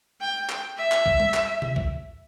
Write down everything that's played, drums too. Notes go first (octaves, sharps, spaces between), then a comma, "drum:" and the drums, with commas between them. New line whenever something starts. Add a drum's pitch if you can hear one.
G5
drum: clap
E5
drum: clap
drum: kick B1
drum: tom G3
drum: clap
drum: tom C3
drum: kick B1